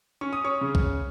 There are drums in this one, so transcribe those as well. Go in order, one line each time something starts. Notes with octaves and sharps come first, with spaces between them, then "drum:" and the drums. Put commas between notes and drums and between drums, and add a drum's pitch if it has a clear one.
C#4 C#6
D#6
C#5 C#6
C#3
drum: kick B1